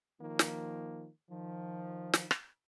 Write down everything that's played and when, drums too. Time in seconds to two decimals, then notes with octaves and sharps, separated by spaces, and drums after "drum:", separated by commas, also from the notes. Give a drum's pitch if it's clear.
0.21 D#3 F3 A#3
0.39 drum: snare
1.29 D#3 F3
2.14 drum: snare
2.31 drum: rim click